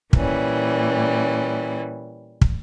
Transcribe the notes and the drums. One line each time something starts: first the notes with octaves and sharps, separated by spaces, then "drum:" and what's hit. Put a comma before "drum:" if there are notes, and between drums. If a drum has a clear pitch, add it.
A#2 E3 G3 C#4, drum: kick
drum: kick